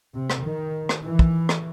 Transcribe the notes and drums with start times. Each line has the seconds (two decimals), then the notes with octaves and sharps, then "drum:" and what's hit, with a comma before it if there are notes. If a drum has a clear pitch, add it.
0.15 C3
0.30 drum: rim click
0.44 D#3
0.89 drum: rim click
1.04 E3
1.19 drum: kick
1.49 drum: rim click